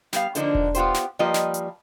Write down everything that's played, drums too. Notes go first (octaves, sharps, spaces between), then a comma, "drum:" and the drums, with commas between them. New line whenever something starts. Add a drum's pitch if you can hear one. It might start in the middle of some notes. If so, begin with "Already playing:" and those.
G3 B3 F5, drum: snare
D3 F3 A#3 D4 D#4, drum: hi-hat
drum: kick E1
B3 F4 G4 C5, drum: hi-hat
drum: snare
F3 G3 A#3 F4 B4 D#5
drum: snare
drum: hi-hat